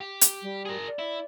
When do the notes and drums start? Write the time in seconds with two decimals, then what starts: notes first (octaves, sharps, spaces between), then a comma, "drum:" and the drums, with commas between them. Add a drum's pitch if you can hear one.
0.01 G4
0.21 drum: hi-hat
0.42 G3
0.65 G#4 A#4
0.87 D5
0.99 E4